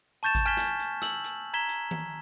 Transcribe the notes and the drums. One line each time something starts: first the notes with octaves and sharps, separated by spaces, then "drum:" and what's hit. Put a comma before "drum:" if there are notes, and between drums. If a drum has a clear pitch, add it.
A5 C#6 G6 A6 E7
drum: kick G#1, hi-hat
G#5 F6 G#6 B6 E7 G7
drum: snare
drum: hi-hat
E6 F#7, drum: snare
drum: hi-hat
A#5 G#6 B6 E7 G7
drum: hi-hat
drum: tom D#3